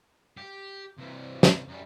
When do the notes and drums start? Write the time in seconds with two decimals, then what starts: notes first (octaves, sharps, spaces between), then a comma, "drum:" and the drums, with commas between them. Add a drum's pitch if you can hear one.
0.37 G4
0.98 C2 E3
1.43 drum: snare
1.68 F#2 G3